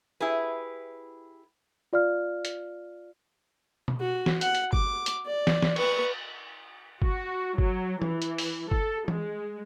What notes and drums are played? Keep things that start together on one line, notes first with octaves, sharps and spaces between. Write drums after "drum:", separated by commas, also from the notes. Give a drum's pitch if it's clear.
E4 G4 G#4 B4
F4 D5 F5 F6
drum: hi-hat
drum: tom B2
F#4
drum: snare
F#5, drum: hi-hat
drum: hi-hat
D6, drum: kick G1
drum: hi-hat
D5
drum: snare
drum: snare
B4 C#6, drum: cymbal
F#4, drum: kick G1
F#3, drum: kick G1
E3, drum: tom E3
drum: hi-hat
drum: open hi-hat
A4, drum: kick G1
G#3, drum: tom E3